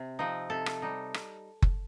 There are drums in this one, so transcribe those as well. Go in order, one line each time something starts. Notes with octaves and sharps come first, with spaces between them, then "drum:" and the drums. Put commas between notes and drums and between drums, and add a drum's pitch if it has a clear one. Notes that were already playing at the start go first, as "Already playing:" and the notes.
Already playing: C3
F3 C4 D#4
C3 A4
drum: rim click
G3 D#4
drum: rim click
drum: kick F#1